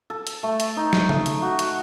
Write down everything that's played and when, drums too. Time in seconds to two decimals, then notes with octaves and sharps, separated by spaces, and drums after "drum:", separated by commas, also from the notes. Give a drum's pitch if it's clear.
0.10 A4
0.27 drum: hi-hat
0.43 A3
0.60 drum: hi-hat
0.77 D#4
0.93 drum: snare
1.09 A3, drum: tom C#3
1.26 drum: hi-hat
1.42 F#4
1.59 drum: hi-hat